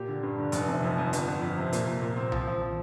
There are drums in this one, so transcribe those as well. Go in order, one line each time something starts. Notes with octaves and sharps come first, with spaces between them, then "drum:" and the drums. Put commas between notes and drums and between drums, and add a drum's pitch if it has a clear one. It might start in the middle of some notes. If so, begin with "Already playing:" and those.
Already playing: A#2 G4
D3
G2
D3
F1, drum: hi-hat
C3
F2
F2
G1, drum: hi-hat
G1
F2
C3
A#2, drum: hi-hat
A#2
A#2
C4
F3, drum: tom B1
F3
F3